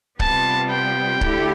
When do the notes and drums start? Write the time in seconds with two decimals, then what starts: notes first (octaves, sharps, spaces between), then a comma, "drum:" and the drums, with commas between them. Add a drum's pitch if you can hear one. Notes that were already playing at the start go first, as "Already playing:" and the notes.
0.20 C3 G3 B3 F4 A5, drum: kick C#1
0.70 G5
1.21 D2 D3 A3 E4 G4, drum: kick C#1